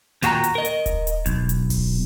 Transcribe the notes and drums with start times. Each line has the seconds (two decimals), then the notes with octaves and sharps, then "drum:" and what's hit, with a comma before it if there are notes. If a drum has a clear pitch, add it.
0.22 D#2 A#2 F#4 G#4 G5 A#5, drum: snare
0.44 drum: hi-hat
0.55 A#4 D#5
0.65 drum: hi-hat
0.86 drum: kick D#1, hi-hat
1.07 drum: hi-hat
1.26 B1, drum: kick D#1, hi-hat
1.49 drum: hi-hat
1.70 drum: kick D#1, open hi-hat